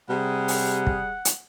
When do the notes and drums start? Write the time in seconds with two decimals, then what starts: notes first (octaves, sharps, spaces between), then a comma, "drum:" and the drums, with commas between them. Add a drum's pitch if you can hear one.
0.10 C3 G3 G#4 F#5
0.48 drum: open hi-hat
0.87 drum: kick
1.25 drum: hi-hat